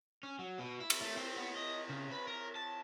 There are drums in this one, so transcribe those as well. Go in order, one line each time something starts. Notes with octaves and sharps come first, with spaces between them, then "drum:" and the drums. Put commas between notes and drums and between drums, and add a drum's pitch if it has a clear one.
C#4
F#3
B2
E4
drum: cymbal
A3
C4
B3
D#5
C#3
B4
A#4
A5